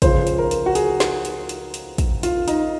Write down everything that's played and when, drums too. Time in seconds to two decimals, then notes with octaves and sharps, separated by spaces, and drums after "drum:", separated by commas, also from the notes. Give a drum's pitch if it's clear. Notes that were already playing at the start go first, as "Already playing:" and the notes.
0.02 C#2 C#3 F3 C5, drum: kick, hi-hat
0.27 drum: hi-hat
0.38 A#4
0.51 drum: hi-hat
0.66 F#4
0.75 G#4, drum: hi-hat
1.00 drum: snare
1.25 drum: hi-hat
1.49 drum: hi-hat
1.74 drum: hi-hat
1.98 drum: kick, hi-hat
2.23 F4, drum: hi-hat
2.48 D#4, drum: hi-hat